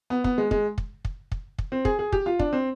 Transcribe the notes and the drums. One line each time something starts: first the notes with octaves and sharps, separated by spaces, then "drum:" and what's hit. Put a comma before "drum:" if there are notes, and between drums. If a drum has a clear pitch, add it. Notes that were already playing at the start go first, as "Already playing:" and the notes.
B3
B3, drum: kick
G#3
G#3, drum: kick
drum: kick
drum: kick
drum: kick
drum: kick
C4
G#4, drum: kick
G#4
G4, drum: kick
F4
D4, drum: kick
C4